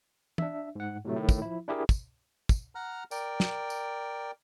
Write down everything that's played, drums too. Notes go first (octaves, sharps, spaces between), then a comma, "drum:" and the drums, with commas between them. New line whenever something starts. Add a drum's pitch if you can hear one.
D4 E5, drum: tom
G#2 F#5
A2 C3 F#3 A3
A2 D#3
drum: kick, tambourine
F3 E4
D4 E4 G4 G#4 A#4
drum: kick, tambourine
drum: kick, tambourine
F#5 A#5 F6
A#4 D5 G5, drum: tambourine
drum: snare
drum: tambourine